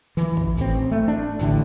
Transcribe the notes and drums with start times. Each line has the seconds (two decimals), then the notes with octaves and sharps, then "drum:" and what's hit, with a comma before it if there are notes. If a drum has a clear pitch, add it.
0.17 E3, drum: hi-hat
0.37 drum: kick
0.57 A1 C4, drum: hi-hat
0.91 A3
1.08 D4
1.39 A1 A2 D3, drum: hi-hat